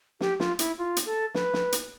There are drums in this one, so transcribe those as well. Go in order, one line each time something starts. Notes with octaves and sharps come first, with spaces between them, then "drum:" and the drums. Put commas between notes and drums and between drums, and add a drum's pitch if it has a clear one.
G4, drum: snare
F4, drum: snare
E4, drum: hi-hat
F4
drum: hi-hat
A4
B4, drum: snare
drum: snare
drum: hi-hat